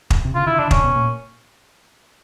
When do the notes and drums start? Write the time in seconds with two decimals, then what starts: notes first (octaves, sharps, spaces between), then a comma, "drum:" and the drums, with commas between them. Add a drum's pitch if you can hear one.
0.10 drum: kick
0.25 C3
0.35 C#3 F4
0.46 D3 E4
0.59 D3 D4
0.71 C#3 C#4, drum: kick
0.83 B2
0.95 A#2